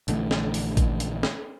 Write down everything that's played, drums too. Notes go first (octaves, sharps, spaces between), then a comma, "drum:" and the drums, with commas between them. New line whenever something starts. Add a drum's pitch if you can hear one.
A#1 D3 E3 A3, drum: hi-hat
drum: snare
drum: open hi-hat
drum: kick A1, hi-hat
drum: hi-hat
drum: snare